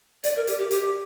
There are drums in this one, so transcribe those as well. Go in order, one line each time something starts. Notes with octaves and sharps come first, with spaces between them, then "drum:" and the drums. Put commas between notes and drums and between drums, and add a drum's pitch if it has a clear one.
D5, drum: hi-hat
A#4
G4, drum: hi-hat
G4
G4, drum: hi-hat